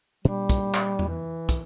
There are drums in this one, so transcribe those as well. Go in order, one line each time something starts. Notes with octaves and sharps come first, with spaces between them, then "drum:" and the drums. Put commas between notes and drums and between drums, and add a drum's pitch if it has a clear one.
A#2 G3 D4
drum: kick, hi-hat
drum: clap
drum: tom E2
E3
drum: kick, hi-hat